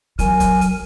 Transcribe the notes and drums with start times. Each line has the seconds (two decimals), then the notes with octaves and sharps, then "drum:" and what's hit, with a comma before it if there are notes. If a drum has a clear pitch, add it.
0.19 F#3 A#4 G#5, drum: hi-hat
0.40 drum: kick C#1, hi-hat
0.61 drum: hi-hat